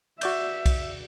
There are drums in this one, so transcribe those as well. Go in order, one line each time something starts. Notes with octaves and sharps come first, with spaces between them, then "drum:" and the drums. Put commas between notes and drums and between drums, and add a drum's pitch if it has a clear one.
F#4 D5 E5 G6, drum: cymbal
drum: kick B1, cymbal